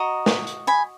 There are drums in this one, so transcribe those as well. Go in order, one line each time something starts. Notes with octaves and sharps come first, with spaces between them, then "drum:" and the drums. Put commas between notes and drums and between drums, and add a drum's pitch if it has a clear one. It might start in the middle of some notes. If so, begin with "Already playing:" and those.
Already playing: F#4 D#5 A#5 C#6
drum: snare
drum: hi-hat
G#5 B5